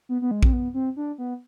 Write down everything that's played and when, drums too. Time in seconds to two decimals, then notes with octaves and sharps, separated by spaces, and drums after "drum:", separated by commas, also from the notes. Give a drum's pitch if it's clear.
0.09 B3
0.22 B3
0.31 G#3
0.43 C4, drum: kick A#1
0.53 B3
0.74 C4
0.97 D4
1.18 B3